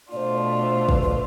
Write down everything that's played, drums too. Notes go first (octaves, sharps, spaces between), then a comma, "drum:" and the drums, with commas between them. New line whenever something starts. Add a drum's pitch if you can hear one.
B2 A3 D4 F4 C5 D5
D5
C5
B4, drum: kick
B4